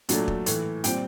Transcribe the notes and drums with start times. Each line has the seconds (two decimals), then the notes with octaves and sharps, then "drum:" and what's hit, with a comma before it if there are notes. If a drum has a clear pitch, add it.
0.09 A#2 F#3 A3 D4, drum: hi-hat
0.28 drum: kick
0.46 A2 E3 A3, drum: hi-hat
0.84 A#2 G3 C4 G5, drum: hi-hat